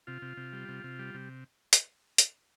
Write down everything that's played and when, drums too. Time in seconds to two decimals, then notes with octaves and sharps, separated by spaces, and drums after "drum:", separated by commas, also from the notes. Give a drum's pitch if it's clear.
0.07 C3 F4
0.22 C3
0.37 C3
0.53 G3
0.69 C3
0.84 C3
0.99 G3
1.14 C3
1.73 drum: hi-hat
2.18 drum: hi-hat